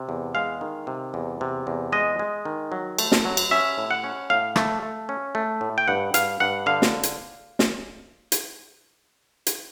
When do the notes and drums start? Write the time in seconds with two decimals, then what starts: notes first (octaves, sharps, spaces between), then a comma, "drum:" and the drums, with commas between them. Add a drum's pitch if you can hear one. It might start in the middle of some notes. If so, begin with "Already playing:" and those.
Already playing: C3
0.09 E2
0.35 G#3 F5
0.61 D#3
0.87 C3
1.14 E2
1.41 C3
1.67 E2
1.92 G#3 D#5
2.19 G#3
2.45 D#3
2.72 F#3
2.99 A3, drum: cymbal
3.12 drum: snare
3.25 F#3
3.37 drum: cymbal
3.51 C#4 E5
3.78 A2
3.91 F#5
4.04 C#4
4.30 A2 F5
4.56 A3, drum: rim click
4.82 A3
5.09 C#4
5.35 A3
5.61 A2
5.78 G5
5.88 G2 F#5
6.14 G2 F5, drum: hi-hat
6.40 G2 F#5
6.66 D3 F5
6.82 drum: snare
7.03 drum: hi-hat
7.59 drum: snare
8.32 drum: hi-hat
9.47 drum: hi-hat